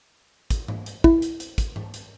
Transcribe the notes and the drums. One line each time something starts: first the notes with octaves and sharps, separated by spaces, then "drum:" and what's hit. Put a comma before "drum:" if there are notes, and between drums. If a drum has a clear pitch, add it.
drum: kick, hi-hat
drum: tom G#2
drum: hi-hat
E4, drum: kick
drum: hi-hat
drum: hi-hat
drum: kick, hi-hat
drum: tom G#2
drum: hi-hat